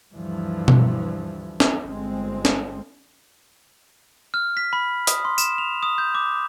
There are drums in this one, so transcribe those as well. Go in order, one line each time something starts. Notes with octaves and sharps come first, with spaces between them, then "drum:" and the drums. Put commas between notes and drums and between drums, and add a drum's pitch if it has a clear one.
D2 G2 E3 F3
drum: tom B2
drum: snare
G1 G#3 C4
drum: snare
F6
B6
B5
D#6, drum: hi-hat
C6
E7, drum: tambourine
F7
D#6
G6
D6